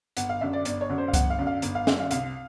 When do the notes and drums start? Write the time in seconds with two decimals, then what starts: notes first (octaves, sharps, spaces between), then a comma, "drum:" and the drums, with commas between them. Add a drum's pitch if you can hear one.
0.17 G1 F#5, drum: hi-hat
0.29 F5
0.41 F#2 D3 E5
0.53 D5
0.65 G1 D5, drum: hi-hat
0.81 C#5
0.89 F#2 D3
0.98 C5
1.08 F5
1.13 G1 F#5, drum: kick C2, hi-hat
1.30 F5
1.38 F#2 D3
1.47 F5
1.62 G1, drum: hi-hat
1.75 F5
1.87 F#2 D3 E5, drum: snare
2.00 F5
2.11 C2 F5, drum: hi-hat